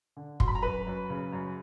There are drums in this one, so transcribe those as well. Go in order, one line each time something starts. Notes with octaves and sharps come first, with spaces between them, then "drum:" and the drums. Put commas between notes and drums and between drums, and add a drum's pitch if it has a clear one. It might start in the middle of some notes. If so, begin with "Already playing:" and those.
D3
F#3 C6, drum: kick
B5
A#5
F#2 B4 B5
F#2
C#3
F#2